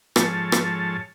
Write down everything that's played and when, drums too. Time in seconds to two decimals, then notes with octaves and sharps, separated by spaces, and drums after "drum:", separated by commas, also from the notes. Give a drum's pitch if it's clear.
0.16 G#2 F3 A4 C#5 A5, drum: rim click
0.52 drum: rim click